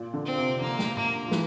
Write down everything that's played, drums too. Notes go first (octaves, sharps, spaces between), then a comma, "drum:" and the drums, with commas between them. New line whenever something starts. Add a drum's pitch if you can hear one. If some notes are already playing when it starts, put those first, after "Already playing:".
Already playing: A#2
D3
C4
C3
D3 A#3
drum: snare
A#3, drum: tom
F3
E3, drum: snare